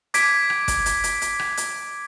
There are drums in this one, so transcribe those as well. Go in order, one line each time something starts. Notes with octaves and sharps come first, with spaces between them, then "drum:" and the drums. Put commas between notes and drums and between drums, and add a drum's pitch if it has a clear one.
D6 G#6 B6 D7, drum: hi-hat
drum: rim click
drum: kick, hi-hat
drum: hi-hat
drum: hi-hat
drum: hi-hat
drum: rim click
drum: hi-hat